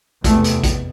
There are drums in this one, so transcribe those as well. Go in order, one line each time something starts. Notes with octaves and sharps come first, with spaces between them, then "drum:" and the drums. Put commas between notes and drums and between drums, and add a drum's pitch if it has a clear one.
E2 C3 A3, drum: kick A1, hi-hat
drum: hi-hat
drum: kick A1, hi-hat